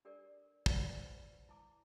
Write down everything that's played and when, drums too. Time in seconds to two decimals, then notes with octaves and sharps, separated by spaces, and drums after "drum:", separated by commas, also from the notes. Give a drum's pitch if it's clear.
0.05 D4 G4 A4 A#4 D5
0.66 C5 D5 F5 F#5 A5 B5, drum: kick
0.90 B4 C5
1.49 E4 A5 D6